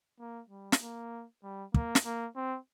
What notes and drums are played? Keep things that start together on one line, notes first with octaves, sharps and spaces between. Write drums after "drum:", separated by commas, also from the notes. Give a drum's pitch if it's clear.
A#3
G3
drum: snare
A#3
G3
A#3, drum: kick
drum: snare
A#3
C4